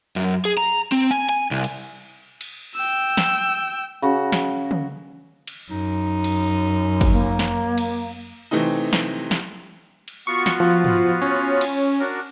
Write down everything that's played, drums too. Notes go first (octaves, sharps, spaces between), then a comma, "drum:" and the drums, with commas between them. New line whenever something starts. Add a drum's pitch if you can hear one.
F#2
G#4
A#5
C4
G#5
G#5
C2
drum: cymbal
drum: cymbal
G5 E6
drum: snare
C#3 F#4
drum: snare
drum: tom
drum: cymbal
F#2 D#4
drum: cymbal
drum: kick, cymbal
A#3
drum: snare
drum: cymbal
C3 E3 A3 C4 D#4
drum: snare
drum: snare
drum: cymbal
B3 F4 F#4 C#6
drum: snare
F3
drum: tom
C#4
drum: cymbal
D4 F#4 A#4